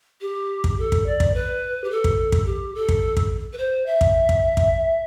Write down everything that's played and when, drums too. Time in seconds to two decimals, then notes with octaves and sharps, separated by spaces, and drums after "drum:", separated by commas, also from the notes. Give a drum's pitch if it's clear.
0.21 G4
0.64 drum: kick
0.79 A4
0.92 drum: kick
1.06 D5
1.20 drum: kick
1.34 B4
1.84 G4
1.91 A4
2.04 drum: kick
2.32 drum: kick
2.46 G4
2.75 A4
2.89 drum: kick
3.17 drum: kick
3.53 B4
3.58 C5
3.86 E5
4.01 drum: kick
4.29 drum: kick
4.57 drum: kick